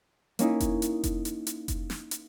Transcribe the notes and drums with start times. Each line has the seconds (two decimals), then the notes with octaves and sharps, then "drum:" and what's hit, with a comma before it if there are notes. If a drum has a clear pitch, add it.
0.39 A#3 C#4 D#4 E4, drum: hi-hat
0.60 drum: kick F1, hi-hat
0.82 drum: hi-hat
1.04 drum: kick F1, hi-hat
1.25 drum: hi-hat
1.47 drum: hi-hat
1.68 drum: kick F1, hi-hat
1.90 drum: snare
2.11 drum: hi-hat